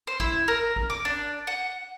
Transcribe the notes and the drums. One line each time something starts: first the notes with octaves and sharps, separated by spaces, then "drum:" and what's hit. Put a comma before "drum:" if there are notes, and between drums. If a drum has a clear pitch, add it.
C5
E4, drum: kick G#1
A#4
drum: kick G#1
D6
D4
F#5